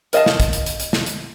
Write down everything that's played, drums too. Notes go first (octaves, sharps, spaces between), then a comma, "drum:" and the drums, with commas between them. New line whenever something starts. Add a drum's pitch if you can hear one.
A#4 D#5 F5 A5, drum: hi-hat
drum: snare
drum: kick, hi-hat
drum: hi-hat
drum: hi-hat
drum: hi-hat
drum: snare
drum: hi-hat